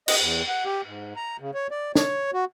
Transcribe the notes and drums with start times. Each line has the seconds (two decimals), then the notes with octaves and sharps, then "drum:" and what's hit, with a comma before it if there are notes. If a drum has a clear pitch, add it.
0.08 D#5, drum: cymbal
0.20 E2
0.48 F#5
0.65 G4
0.85 G#2
1.16 A#5
1.40 C#3
1.54 C#5
1.71 D5
1.95 C#5, drum: snare
2.33 F#4